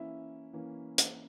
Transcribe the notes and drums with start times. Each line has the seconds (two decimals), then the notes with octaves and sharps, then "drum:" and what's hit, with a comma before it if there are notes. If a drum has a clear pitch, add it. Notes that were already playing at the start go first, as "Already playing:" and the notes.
Already playing: E3 A#3 C#4 E4 E5
0.53 E3 A#3 C#4
0.98 drum: hi-hat